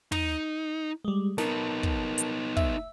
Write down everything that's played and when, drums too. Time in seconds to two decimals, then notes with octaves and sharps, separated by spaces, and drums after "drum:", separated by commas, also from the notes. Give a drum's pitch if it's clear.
0.12 D#4, drum: tom
1.05 G3 G#3
1.38 B3 D#4 A#4 A5, drum: snare
1.83 drum: kick
2.18 drum: hi-hat
2.57 E5, drum: kick